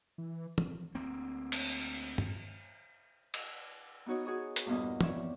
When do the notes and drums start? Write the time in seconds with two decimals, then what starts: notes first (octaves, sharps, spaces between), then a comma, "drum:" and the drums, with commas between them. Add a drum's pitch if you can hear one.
0.18 E3
0.58 drum: tom
0.95 D2 A#3 C4
1.52 drum: cymbal
2.18 drum: tom
3.34 drum: cymbal
4.06 B3 D#4 F#4 C#5 D#5
4.26 F#4 G#4 C#5 C#6 D#6
4.56 drum: hi-hat
4.66 E2 G2 A#2 B3 D#5
5.01 C4 C#5 D5 E5, drum: tom